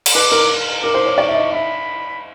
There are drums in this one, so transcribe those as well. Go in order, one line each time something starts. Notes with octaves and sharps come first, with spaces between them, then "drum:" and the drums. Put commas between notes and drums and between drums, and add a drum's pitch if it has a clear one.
drum: cymbal
B4 D6
A#4
A#4 D6
C5
C#5
D5 C#6
E5
D#5
E5 B5